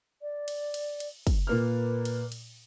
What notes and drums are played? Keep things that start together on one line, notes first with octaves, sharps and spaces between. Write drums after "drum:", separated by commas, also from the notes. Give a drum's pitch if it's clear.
D5
drum: cymbal
drum: cymbal
drum: cymbal
drum: kick, cymbal
A#2 A#3 B4 F6
drum: cymbal
drum: cymbal